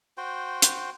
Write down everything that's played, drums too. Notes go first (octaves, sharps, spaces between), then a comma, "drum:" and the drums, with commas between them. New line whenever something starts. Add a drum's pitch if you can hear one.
F#4 C5 G5
drum: hi-hat